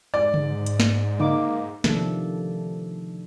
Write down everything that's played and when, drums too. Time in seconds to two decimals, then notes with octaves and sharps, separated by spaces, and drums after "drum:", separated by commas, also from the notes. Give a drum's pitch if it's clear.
0.14 G#2 D5
0.34 drum: tom C#3
0.66 drum: hi-hat
0.80 drum: snare
1.20 A#3 D#4 D6, drum: tom C#3
1.84 C3 D#3 F3 A3 D4 A4, drum: snare